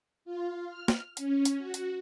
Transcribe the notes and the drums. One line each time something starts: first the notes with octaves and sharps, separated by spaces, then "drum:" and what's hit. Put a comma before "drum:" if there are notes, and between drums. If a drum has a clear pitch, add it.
F4
F6
drum: snare
C#4, drum: hi-hat
drum: hi-hat
F#4
drum: hi-hat